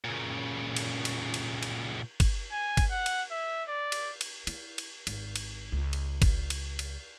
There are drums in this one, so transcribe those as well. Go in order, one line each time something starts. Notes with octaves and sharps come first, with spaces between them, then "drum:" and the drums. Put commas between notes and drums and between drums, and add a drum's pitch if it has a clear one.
A#2 C#3
drum: cymbal
drum: cymbal
drum: cymbal
drum: cymbal
drum: kick, cymbal
G#5
drum: kick, cymbal
F#5
drum: cymbal
E5
D5
drum: cymbal
drum: cymbal
E4, drum: cymbal
drum: cymbal
G#1, drum: cymbal
drum: cymbal
C#2
drum: cymbal
drum: kick, cymbal
drum: cymbal
drum: cymbal